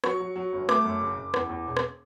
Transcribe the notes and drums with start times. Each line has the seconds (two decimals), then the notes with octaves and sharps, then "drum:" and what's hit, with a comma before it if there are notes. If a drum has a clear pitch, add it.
0.04 F#3 C#6, drum: rim click
0.20 F#3
0.36 F#3
0.53 G1
0.69 A3 D6, drum: rim click
0.85 F#2
1.01 F#1
1.17 F#1
1.34 E2, drum: rim click
1.50 E2
1.66 E1
1.77 drum: rim click